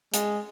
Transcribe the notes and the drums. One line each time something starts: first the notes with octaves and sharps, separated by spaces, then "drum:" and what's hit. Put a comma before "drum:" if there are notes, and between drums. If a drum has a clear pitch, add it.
G#3, drum: hi-hat